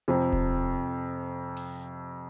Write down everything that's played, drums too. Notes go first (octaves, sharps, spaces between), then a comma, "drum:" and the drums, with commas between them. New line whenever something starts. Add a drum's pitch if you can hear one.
F2 C3 F3
drum: kick D#1
drum: open hi-hat